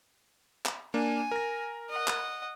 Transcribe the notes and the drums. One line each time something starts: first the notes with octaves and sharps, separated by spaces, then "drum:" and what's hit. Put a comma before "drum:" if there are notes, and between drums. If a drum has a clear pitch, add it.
drum: clap
A#3 D4 G#5
A#4 A#6
D#5 F#5
drum: clap